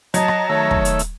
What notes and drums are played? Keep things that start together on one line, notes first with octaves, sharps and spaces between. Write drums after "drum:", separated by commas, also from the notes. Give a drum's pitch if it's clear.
F#3 D#5 A5 A#5, drum: hi-hat
drum: rim click
D#3 A3 C#5 E5
drum: kick
drum: hi-hat
drum: hi-hat